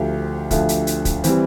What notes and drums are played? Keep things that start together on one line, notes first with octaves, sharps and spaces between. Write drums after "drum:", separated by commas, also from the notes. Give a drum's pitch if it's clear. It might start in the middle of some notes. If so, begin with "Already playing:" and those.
Already playing: D2 D3 F3 G4
D2 D3 F3, drum: kick, hi-hat
drum: hi-hat
drum: hi-hat
drum: kick, hi-hat
E3 G3 C4, drum: hi-hat